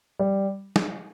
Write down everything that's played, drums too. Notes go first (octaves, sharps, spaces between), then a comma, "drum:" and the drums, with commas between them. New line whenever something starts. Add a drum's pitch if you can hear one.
G3
drum: snare